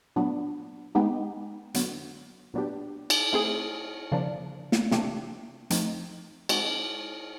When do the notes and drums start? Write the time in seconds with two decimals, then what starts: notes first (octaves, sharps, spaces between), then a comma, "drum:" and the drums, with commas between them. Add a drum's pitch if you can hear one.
0.16 A#2 F#3 B3 D4
0.95 G#3 B3 D#4 G4
1.74 D3 F#3 B3, drum: hi-hat
2.54 A#2 F#3 B3 D4 G4
3.10 drum: cymbal
3.33 A3 C4 E4 G#4
4.12 C#3 F3 A#3 D4
4.72 drum: snare
4.91 C3 E3 A3 D4 G4, drum: snare
5.70 F3 A3 C4 D#4, drum: hi-hat
6.49 G#3 C4 D#4 F#4, drum: cymbal